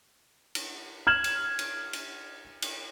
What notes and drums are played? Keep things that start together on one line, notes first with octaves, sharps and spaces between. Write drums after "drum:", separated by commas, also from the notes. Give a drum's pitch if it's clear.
drum: cymbal
F6 G#6 E7 F#7
drum: cymbal
drum: cymbal
drum: cymbal
drum: cymbal